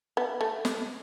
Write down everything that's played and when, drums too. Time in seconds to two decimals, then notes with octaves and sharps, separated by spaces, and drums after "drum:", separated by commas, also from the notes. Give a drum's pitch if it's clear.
0.17 B3
0.41 A3
0.65 drum: snare